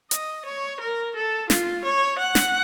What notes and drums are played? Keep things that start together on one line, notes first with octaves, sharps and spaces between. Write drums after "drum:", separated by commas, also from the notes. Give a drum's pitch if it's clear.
D#5, drum: hi-hat
C#5
A#4
A4
F4, drum: snare
C#5
F#5
drum: snare